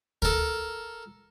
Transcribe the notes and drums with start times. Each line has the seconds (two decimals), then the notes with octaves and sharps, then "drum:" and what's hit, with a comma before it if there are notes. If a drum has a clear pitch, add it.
0.22 A4 A#4, drum: kick D2